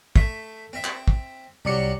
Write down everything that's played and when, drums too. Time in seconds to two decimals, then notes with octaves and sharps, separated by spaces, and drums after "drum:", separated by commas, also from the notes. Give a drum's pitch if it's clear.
0.16 A3 E5, drum: kick
0.73 C4 E5
0.84 drum: clap
1.08 drum: kick
1.65 C2 F#3 G3 D5 C#7